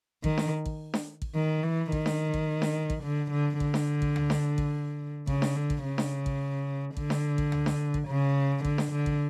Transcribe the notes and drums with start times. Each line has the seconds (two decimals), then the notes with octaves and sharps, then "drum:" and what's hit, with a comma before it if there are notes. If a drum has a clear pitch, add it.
0.24 D#3, drum: kick A1
0.38 drum: snare D4
0.66 drum: kick A1
0.94 drum: snare D4
1.22 drum: kick A1
1.35 D#3
1.63 E3
1.92 D#3, drum: kick A1
2.06 drum: snare D4
2.34 drum: kick A1
2.62 drum: snare D4
2.90 drum: kick A1
3.04 D3
3.31 D3
3.60 D3, drum: kick A1
3.74 drum: snare D4
4.02 drum: kick A1
4.16 drum: tom
4.30 drum: snare D4
4.58 drum: kick A1
5.27 C#3, drum: kick A1
5.42 drum: snare D4
5.56 D3
5.70 drum: kick A1
5.84 C#3
5.98 drum: snare D4
6.26 drum: kick A1
6.97 D3, drum: kick A1
7.10 drum: snare D4
7.38 drum: kick A1
7.52 drum: tom
7.66 drum: snare D4
7.94 drum: kick A1
8.08 C#3
8.65 D3, drum: kick A1
8.78 drum: snare D4
8.92 D3
9.06 drum: kick A1